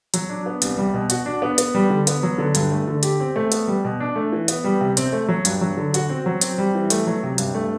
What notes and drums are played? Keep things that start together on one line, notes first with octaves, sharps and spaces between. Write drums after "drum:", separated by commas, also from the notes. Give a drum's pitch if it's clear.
F#3, drum: hi-hat
D4
B3
C2, drum: hi-hat
G3
B2
F#4, drum: hi-hat
D4
B3
B3, drum: hi-hat
G3
D3
B3, drum: hi-hat
F#3
D3
G2, drum: hi-hat
A3
D3
G4, drum: hi-hat
C4
A3
B3, drum: hi-hat
G3
B2
D4
A3
E3
B3, drum: hi-hat
G3
C3
C4, drum: hi-hat
A3
F#3
G2, drum: hi-hat
F#3
D3
F#4, drum: hi-hat
C4
F#3
C4, drum: hi-hat
G3
E3
A3, drum: hi-hat
F#3
C3
G2, drum: hi-hat
A3